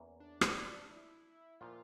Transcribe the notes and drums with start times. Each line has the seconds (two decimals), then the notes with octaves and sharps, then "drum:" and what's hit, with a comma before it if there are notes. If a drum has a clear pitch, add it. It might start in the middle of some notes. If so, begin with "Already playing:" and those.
Already playing: E2 E3 A#3 C#4
0.20 D4
0.41 drum: rim click
0.68 D4
0.91 E4
1.61 A#2 F3 F4